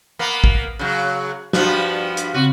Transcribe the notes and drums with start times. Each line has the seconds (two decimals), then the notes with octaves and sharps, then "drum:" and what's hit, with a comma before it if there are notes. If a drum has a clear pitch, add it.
0.19 A#3 B3
0.44 drum: kick
0.79 C#3 F#3
1.53 G2 F3 B3 F#4, drum: snare
2.17 drum: hi-hat
2.34 C#3 C4 F#4